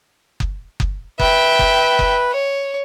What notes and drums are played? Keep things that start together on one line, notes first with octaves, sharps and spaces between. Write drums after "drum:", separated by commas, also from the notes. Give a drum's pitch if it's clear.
drum: kick F#1
drum: kick F#1
B4 E5 G5, drum: kick F#1
drum: kick F#1
drum: kick F#1
C#5